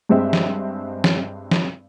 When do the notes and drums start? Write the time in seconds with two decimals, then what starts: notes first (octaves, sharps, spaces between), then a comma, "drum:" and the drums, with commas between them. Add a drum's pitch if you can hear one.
0.09 G2 G#3 C4 E5
0.33 drum: snare
1.04 drum: snare
1.51 drum: snare